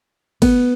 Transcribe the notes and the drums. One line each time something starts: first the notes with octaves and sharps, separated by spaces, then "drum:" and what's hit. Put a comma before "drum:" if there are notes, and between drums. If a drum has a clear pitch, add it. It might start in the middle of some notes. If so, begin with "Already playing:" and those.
B3, drum: kick G1, cymbal